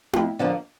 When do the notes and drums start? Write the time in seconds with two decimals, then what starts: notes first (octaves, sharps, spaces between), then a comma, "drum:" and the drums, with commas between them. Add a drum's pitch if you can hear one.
0.13 F2, drum: tom E4
0.39 D3 F3 A#3